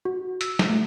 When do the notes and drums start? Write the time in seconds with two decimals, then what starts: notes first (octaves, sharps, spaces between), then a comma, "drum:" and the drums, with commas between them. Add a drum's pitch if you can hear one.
0.05 F#4
0.41 E6, drum: hi-hat
0.59 drum: snare
0.70 A3